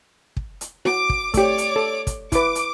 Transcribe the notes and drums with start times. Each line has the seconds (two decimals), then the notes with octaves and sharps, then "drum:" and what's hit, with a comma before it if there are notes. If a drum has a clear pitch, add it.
0.37 drum: kick
0.61 drum: hi-hat
0.85 F#4 D6, drum: snare E4
1.09 drum: kick
1.34 A3 G4 C#5 D5 D6, drum: kick, hi-hat
1.58 drum: hi-hat
1.76 A4
2.07 drum: kick, hi-hat
2.32 E4 B4 D6, drum: kick, hi-hat
2.55 drum: hi-hat